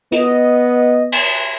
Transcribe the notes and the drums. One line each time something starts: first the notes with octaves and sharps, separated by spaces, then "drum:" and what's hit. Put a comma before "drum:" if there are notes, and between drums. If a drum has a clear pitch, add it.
B3 D#5, drum: hi-hat
drum: cymbal